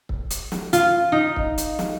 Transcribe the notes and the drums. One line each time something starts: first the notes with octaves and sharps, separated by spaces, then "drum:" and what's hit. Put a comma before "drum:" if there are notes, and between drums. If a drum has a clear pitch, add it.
drum: kick
drum: hi-hat
drum: snare
F4, drum: hi-hat
D#4
drum: kick
drum: hi-hat
drum: snare